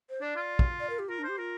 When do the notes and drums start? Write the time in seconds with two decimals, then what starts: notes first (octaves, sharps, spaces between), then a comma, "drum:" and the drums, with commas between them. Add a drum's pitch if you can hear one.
0.10 C5
0.21 D4 D5
0.36 F4
0.59 drum: kick
0.80 D5
0.90 A#4
0.99 G4
1.09 F4 A#4
1.19 D4
1.24 G4 C5
1.38 F4 A#4